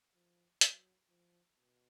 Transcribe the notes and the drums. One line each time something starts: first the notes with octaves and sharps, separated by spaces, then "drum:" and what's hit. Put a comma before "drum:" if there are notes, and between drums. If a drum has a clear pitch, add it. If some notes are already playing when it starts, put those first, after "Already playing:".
F3
F#3, drum: hi-hat
F3
B2